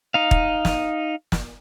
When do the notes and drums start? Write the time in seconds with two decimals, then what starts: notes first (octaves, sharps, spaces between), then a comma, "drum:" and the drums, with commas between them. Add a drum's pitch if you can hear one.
0.14 D#4 F5
0.31 drum: kick
0.65 drum: snare
1.32 drum: snare